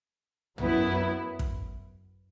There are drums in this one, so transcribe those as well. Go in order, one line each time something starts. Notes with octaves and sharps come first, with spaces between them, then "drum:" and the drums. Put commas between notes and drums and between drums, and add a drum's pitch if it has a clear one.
F#2 F#3 B3 E4, drum: tom
drum: kick